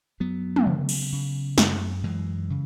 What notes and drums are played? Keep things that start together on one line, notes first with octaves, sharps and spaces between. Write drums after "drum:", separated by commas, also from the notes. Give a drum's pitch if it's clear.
F#2 F#3 B3
drum: tom
C#3
drum: cymbal
C#3
F#2, drum: snare
F#2 E3 G#3
C#3